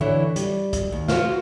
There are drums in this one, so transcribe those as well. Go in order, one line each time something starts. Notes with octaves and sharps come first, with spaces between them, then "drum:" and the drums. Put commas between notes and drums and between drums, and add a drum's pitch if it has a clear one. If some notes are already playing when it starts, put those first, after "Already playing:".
D3 E3 E4 C#5
G3, drum: hi-hat
drum: kick, hi-hat
D#2
F4 F#4 A4 B4 C5 F5, drum: snare